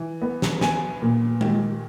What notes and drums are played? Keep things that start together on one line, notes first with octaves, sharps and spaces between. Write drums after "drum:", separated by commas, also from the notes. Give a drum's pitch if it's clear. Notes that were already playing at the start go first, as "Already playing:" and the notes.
Already playing: E3
B3
drum: snare
B3 G#5, drum: snare
A#2
D#3, drum: tom G#3